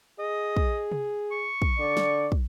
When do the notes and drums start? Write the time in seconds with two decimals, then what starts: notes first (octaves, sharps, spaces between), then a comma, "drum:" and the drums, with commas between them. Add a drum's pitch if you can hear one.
0.20 G#4 D#5
0.57 drum: kick
0.92 drum: tom C3
1.32 C#6
1.62 drum: kick
1.79 D3 D5
1.97 drum: snare
2.32 drum: kick